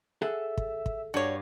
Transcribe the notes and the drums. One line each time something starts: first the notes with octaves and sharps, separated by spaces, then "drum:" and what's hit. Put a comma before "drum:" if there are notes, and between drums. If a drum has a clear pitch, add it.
G#4 A4 E5 F#5
drum: kick
drum: kick
G2 F#4 C#5 D5 F5